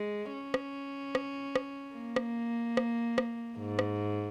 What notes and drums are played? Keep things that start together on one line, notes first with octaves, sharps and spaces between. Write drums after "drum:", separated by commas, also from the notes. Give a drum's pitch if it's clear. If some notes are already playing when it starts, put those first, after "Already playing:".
Already playing: G#3
C#4
drum: rim click
drum: rim click
drum: rim click
A#3
drum: rim click
drum: rim click
drum: rim click
G#2
drum: rim click